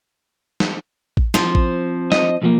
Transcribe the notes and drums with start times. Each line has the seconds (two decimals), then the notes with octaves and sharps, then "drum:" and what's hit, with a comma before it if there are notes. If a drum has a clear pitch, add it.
0.60 drum: snare
1.17 drum: kick A1
1.34 F3 C4, drum: snare
1.55 drum: kick A1
2.12 D#5, drum: snare
2.42 B1 F3 A#3